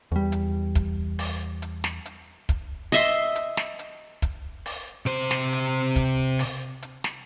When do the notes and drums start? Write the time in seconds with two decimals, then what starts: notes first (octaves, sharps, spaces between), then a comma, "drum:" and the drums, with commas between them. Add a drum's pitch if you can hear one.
0.12 E2 G3
0.32 drum: hi-hat
0.75 drum: kick, hi-hat
1.19 drum: open hi-hat
1.62 drum: hi-hat
1.84 drum: snare
2.05 drum: hi-hat
2.49 drum: kick, hi-hat
2.92 D#5 E5 C6, drum: open hi-hat
3.36 drum: hi-hat
3.57 drum: snare
3.79 drum: hi-hat
4.22 drum: kick, hi-hat
4.66 drum: open hi-hat
5.06 C3 C5
5.31 drum: snare
5.52 drum: hi-hat
5.96 drum: kick, hi-hat
6.39 drum: open hi-hat
6.82 drum: hi-hat
7.04 drum: snare